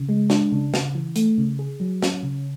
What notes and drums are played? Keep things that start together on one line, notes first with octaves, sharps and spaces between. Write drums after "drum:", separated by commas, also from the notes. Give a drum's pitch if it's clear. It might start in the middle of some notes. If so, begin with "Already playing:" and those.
Already playing: C#3
G#3
D4, drum: snare
C#3
C#3, drum: snare
E3
A3, drum: hi-hat
C#3
G#4
F#3
C#4, drum: snare
C#3